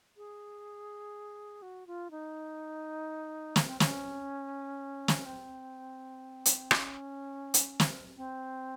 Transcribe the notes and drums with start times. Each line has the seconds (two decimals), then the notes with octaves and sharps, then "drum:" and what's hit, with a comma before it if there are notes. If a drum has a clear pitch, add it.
0.17 G#4
1.62 F#4
1.87 F4
2.11 D#4
3.56 A#3, drum: snare
3.68 C4
3.80 C#4, drum: snare
5.08 drum: snare
5.26 C4
6.46 drum: hi-hat
6.71 C#4, drum: rim click
7.54 drum: hi-hat
7.80 drum: snare
8.16 C4